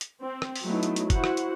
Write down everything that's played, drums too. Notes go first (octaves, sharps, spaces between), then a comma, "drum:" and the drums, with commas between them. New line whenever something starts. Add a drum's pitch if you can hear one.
drum: hi-hat
C4
drum: rim click
drum: open hi-hat
F#3 A3 B3 D#4 E4
drum: hi-hat
drum: hi-hat
E4 F#4 C5 F#5, drum: kick F#1, hi-hat
drum: rim click
drum: hi-hat